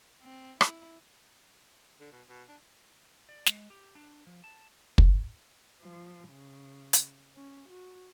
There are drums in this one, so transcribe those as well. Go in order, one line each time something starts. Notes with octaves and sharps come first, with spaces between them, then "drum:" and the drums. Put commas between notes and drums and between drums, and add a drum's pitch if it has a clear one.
C4
E4, drum: rim click
D3
B2
B2
D4
D5
G#3, drum: snare
G4
D4
F3
A5
drum: kick
F3
C#3
drum: hi-hat
C#4
F#4